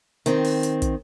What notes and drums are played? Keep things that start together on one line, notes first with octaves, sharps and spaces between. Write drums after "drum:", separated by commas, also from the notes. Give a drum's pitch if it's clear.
D#3 C4, drum: hi-hat
drum: open hi-hat
drum: hi-hat
drum: kick, hi-hat